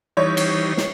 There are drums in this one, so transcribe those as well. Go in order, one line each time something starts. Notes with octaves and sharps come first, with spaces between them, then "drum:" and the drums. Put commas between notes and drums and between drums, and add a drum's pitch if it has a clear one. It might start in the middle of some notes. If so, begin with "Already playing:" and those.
E3 G3 D#4 C#5
drum: cymbal
drum: snare